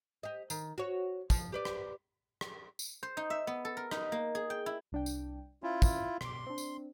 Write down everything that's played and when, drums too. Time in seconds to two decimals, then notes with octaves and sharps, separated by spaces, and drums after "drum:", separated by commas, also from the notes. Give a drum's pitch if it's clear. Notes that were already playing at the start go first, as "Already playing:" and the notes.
0.23 G4 D#5
0.50 D#3, drum: tambourine
0.78 F#4 C#5
1.30 F3, drum: kick, tambourine
1.52 G4 B4 D5
1.65 drum: rim click
2.41 drum: rim click
2.79 drum: tambourine
3.03 C5
3.17 D#4
3.30 E5
3.47 B3
3.65 A4
3.77 A#4
3.91 D#4, drum: rim click
4.12 A#3
4.35 G#4
4.50 G5
4.66 E4
4.92 C2 D4 G5
5.06 drum: tambourine
5.63 C#4 E4 F4
5.82 drum: kick, tambourine
6.21 B2 C6 D6, drum: rim click
6.47 C4 D4
6.58 drum: tambourine